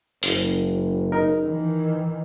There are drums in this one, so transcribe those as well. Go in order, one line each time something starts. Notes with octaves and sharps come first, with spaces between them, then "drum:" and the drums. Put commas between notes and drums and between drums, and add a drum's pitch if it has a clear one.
F#1, drum: open hi-hat
D#4 A#4
D#3 E3